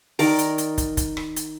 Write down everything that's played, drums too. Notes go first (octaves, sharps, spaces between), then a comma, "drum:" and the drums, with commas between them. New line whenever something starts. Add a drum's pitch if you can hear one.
D#3 A#4 D5, drum: open hi-hat
drum: hi-hat
drum: hi-hat
drum: kick, hi-hat
drum: kick, hi-hat
drum: rim click
drum: hi-hat